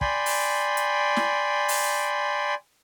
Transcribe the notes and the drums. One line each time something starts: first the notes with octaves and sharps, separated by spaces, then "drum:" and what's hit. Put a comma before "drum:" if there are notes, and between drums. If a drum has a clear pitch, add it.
D5 G5 G#5 B5 C6, drum: kick
drum: open hi-hat
drum: hi-hat
drum: snare
drum: open hi-hat